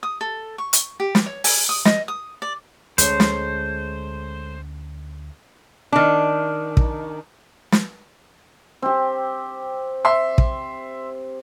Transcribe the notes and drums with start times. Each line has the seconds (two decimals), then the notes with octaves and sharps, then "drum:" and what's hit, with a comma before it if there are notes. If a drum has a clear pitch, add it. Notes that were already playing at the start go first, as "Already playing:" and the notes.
0.03 D#6
0.21 A4
0.58 C#6
0.73 drum: hi-hat
1.00 G4
1.15 drum: snare
1.26 C#5
1.44 G#5, drum: open hi-hat
1.69 D#6
1.85 D#5, drum: snare
2.08 D#6
2.42 D5
2.98 D2 G#3 C#4 A4 C5 C#5, drum: hi-hat
3.20 drum: snare
5.92 D#3 D4
6.77 drum: kick
7.72 drum: snare
8.82 C4 G4
10.05 E5 C6
10.38 drum: kick